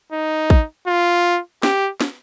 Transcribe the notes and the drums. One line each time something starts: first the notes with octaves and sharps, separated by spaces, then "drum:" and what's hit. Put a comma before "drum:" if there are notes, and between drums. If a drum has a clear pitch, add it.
D#4
drum: kick
F4
G4, drum: snare
drum: snare